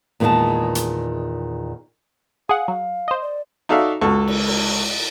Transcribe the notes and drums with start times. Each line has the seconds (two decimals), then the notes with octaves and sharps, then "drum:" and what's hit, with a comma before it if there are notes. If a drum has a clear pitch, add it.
0.20 E2 A#2 D#3 G#3 D#5 A5
0.75 drum: hi-hat
2.49 G#4 F5 F#5
2.68 F#3
3.08 C5 D#5
3.22 D5
3.69 D#4 F#4 A4 D5 E5 F5
4.01 C#2 F#4 A4 C#6
4.28 drum: cymbal
4.47 drum: cymbal